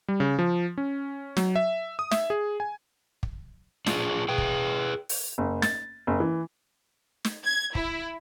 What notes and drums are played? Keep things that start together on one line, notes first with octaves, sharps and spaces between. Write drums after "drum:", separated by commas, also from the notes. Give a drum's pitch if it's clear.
G3
C#3
F3
C#4
F#3, drum: snare
E5
D#6
E5, drum: snare
G#4
G#5
drum: kick
D4 F4 G#4, drum: snare
G#4 B4 G5
drum: kick
drum: open hi-hat
F#1
A6, drum: snare
F#1
E3
drum: snare
G#6
E4, drum: kick